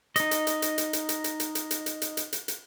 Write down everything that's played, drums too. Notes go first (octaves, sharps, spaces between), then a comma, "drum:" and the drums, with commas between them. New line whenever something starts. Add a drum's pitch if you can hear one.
D#4 D#5, drum: hi-hat
drum: hi-hat
drum: hi-hat
drum: hi-hat
drum: hi-hat
drum: hi-hat
drum: hi-hat
drum: hi-hat
drum: hi-hat
drum: hi-hat
drum: hi-hat
drum: hi-hat
drum: hi-hat
drum: hi-hat
drum: hi-hat
drum: hi-hat